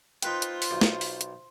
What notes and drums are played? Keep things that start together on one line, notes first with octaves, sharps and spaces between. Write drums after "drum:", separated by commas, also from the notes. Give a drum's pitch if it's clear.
D#4 F4 B4 C5 G5, drum: hi-hat
drum: hi-hat
drum: open hi-hat
B1
drum: snare
drum: open hi-hat
drum: hi-hat